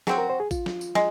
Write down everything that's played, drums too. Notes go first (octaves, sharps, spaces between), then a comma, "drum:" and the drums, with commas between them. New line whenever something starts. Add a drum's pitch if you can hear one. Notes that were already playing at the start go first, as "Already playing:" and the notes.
F#3 C4 F#4 G#4, drum: snare
A#4
C5
G#4
F4, drum: kick A1, tambourine
drum: snare
drum: tambourine
G#3, drum: snare